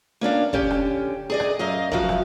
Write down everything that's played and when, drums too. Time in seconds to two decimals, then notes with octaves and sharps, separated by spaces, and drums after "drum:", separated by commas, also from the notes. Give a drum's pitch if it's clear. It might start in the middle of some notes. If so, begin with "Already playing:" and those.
0.21 A#3 C#4 D4 F5
0.53 D3 C#4 G4, drum: kick
0.71 drum: rim click
1.30 G#4 D5 D#5
1.40 drum: rim click
1.59 F#2 D#5 F5
1.92 F#2 C3 F3 F#4 F5, drum: kick
2.09 drum: rim click